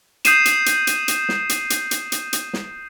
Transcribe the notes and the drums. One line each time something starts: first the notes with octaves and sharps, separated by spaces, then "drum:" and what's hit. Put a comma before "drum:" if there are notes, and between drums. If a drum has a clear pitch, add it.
D#6 G6 C7 D#7 E7, drum: hi-hat
drum: hi-hat
drum: hi-hat
drum: hi-hat
drum: hi-hat
drum: snare
drum: hi-hat
drum: hi-hat
drum: hi-hat
drum: hi-hat
drum: hi-hat
drum: snare